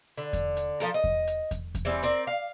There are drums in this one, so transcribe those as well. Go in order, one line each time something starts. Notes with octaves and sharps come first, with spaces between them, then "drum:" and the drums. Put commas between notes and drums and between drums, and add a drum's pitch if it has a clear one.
D3
drum: kick E2, hi-hat
drum: hi-hat
F3 A4 A#4, drum: hi-hat
D#5
drum: kick E2
drum: hi-hat
drum: kick E2, hi-hat
drum: kick E2, hi-hat
E3 G3 C4
C4 A#4 D5
F5